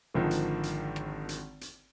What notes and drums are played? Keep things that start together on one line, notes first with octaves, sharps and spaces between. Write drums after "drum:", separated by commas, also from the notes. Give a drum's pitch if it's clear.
G#1 D3 D#3 F3
drum: hi-hat
drum: hi-hat
drum: rim click
drum: hi-hat
drum: hi-hat